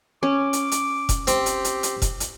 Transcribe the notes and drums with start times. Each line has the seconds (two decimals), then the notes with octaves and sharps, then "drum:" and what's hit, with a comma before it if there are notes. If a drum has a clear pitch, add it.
0.23 C#4 D6
0.53 drum: hi-hat
0.72 drum: hi-hat
1.09 drum: kick F1, hi-hat
1.27 C4 G4, drum: hi-hat
1.46 drum: hi-hat
1.64 drum: hi-hat
1.83 drum: hi-hat
2.02 drum: kick F1, hi-hat
2.20 drum: hi-hat